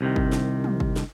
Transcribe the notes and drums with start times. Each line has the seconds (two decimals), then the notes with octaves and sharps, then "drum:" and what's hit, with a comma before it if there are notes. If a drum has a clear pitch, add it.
0.01 C2 C3 D#3
0.16 drum: kick
0.32 drum: snare
0.64 drum: tom
0.80 drum: kick
0.96 drum: snare